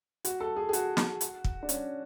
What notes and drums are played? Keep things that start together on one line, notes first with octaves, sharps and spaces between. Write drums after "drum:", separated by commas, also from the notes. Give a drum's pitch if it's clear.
F#4, drum: hi-hat
A4
G#4
G#4
F#4, drum: hi-hat
drum: snare
drum: hi-hat
drum: kick
D4
C#4, drum: hi-hat